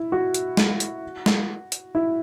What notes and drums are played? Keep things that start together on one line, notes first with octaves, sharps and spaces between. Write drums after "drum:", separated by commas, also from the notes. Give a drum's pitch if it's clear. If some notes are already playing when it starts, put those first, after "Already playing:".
Already playing: E4
F#4
drum: hi-hat
drum: snare
drum: hi-hat
drum: snare
drum: hi-hat
E4